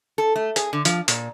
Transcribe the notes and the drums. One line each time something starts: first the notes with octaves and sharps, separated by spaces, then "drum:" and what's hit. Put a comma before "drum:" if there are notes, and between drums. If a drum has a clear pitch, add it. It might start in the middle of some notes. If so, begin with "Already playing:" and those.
A4
A3
G#4, drum: hi-hat
D3
F3, drum: hi-hat
A#2, drum: hi-hat